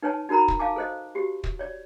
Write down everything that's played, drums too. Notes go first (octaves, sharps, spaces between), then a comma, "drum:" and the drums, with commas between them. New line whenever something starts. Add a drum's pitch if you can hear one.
D#4 B4 C#5 G#5 A5
D#4 F#4 A#4 A#5 B5
drum: kick
F5 G#5 A5 D6
A4 C5 D#5
F#4 G4
drum: kick
C#5 D5